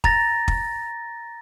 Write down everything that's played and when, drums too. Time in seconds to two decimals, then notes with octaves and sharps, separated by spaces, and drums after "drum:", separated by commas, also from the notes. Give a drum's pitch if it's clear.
0.04 A#5 A6 A#6, drum: kick
0.48 drum: kick